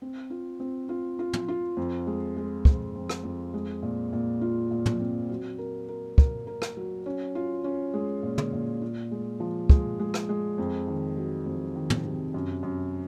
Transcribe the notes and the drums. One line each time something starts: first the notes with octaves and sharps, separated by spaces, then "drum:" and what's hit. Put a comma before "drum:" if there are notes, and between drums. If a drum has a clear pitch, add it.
C4
F4
C4
F4
F4
drum: tom
F4
F2
G#3
G#3
F2, drum: kick
F2
drum: rim click
F2
G#3
A#2
A#2
F4
A#2
drum: tom
C4
F#3
A#4
A#4
A#4, drum: kick
A#4
drum: rim click
F#3
C#4
F4
C#4
G#3
A#2
drum: tom
A#2
F4
G#3
F3
G#3, drum: kick
G#3
drum: rim click
G#3
F2
D#3
F#3
F2
D#3
drum: tom
C3
F#2
F#2